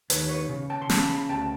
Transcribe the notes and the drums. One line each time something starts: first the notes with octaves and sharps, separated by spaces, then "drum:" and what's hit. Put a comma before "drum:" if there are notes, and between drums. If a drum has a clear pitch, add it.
D#2 B4 C#5, drum: hi-hat
B4 C#5
C#3
G5 A5
C6
C#3 A5 B5, drum: snare
A5 B5
D2 G5 A5